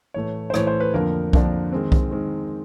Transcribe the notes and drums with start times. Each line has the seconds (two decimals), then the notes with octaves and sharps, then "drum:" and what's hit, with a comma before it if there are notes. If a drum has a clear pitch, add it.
0.14 A2 E3 A3 C#5
0.50 C5
0.54 A2 E3 A3 C#5, drum: rim click
0.67 C5
0.80 B4
0.94 F2 D3 F3 A#3 D4 A#4
1.33 F2 D3 F3 A#3 D4, drum: kick B1
1.72 D#3 G#3 C4
1.92 drum: kick B1
2.11 D#3 G#3 C4